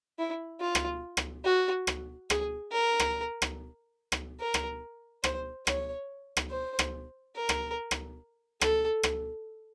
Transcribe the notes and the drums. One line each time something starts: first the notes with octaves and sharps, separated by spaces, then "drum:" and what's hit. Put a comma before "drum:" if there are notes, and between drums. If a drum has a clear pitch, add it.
E4
F4
drum: rim click
drum: rim click
F#4
drum: rim click
G#4, drum: rim click
A#4
drum: rim click
drum: rim click
drum: rim click
A#4
drum: rim click
C5, drum: rim click
C#5, drum: rim click
drum: rim click
C5
drum: rim click
A#4
drum: rim click
drum: rim click
A4, drum: rim click
drum: rim click